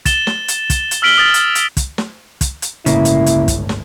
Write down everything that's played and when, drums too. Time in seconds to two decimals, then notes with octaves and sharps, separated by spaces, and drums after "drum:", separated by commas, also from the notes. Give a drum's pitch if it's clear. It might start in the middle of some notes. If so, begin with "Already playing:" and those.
0.06 A6 E7 G7, drum: kick, hi-hat
0.27 drum: snare
0.48 drum: hi-hat
0.70 drum: kick, hi-hat
0.91 drum: hi-hat
1.02 E6 F6 B6 D7 F#7 G7
1.18 D#6 F6 A6
1.34 drum: hi-hat
1.55 drum: hi-hat
1.77 drum: kick, hi-hat
1.98 drum: snare
2.41 drum: kick, hi-hat
2.62 drum: hi-hat
2.86 G1 C#2 A2 C#3 A#3 E4, drum: hi-hat
3.05 drum: hi-hat
3.26 drum: hi-hat
3.48 drum: kick, hi-hat
3.69 drum: snare